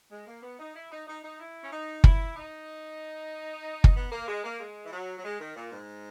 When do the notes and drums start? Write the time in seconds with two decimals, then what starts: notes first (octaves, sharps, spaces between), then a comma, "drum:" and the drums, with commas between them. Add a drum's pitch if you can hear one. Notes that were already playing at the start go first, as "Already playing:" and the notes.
0.11 G#3
0.27 A#3
0.43 B3
0.59 D#4
0.75 E4
0.91 D#4
1.07 D#4
1.23 D#4
1.39 E4
1.63 C#4
1.71 D#4
2.04 E4, drum: kick
2.36 D#4
3.84 drum: kick
3.96 B3
4.12 A#3
4.28 G#3
4.44 A#3
4.60 G#3
4.86 E3
4.91 F#3
5.18 F#3
5.24 G#3
5.40 D#3
5.56 A#2
5.72 G#2